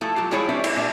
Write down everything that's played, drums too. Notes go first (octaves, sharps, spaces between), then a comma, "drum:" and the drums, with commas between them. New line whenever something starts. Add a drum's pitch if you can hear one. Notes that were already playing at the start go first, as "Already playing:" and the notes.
F3 A3 E4 A4
F#3 F4 G4
F3 G3 G#3 E4 G#4 C#5
C4 D4 G4 B4 E5
E4, drum: cymbal
A#2 G3 D4 E5